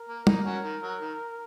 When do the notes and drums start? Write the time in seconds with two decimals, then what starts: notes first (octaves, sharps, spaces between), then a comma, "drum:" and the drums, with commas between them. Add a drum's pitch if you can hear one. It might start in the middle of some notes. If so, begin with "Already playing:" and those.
Already playing: A#4
0.08 A#3
0.27 A#3 D#4, drum: tom
0.45 C#4 F#4
0.64 D#3
0.82 F#3
1.01 D#3